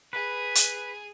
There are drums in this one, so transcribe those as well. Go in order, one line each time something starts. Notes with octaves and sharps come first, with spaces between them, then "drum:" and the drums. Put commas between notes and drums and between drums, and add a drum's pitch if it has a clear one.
G#4 B4
drum: hi-hat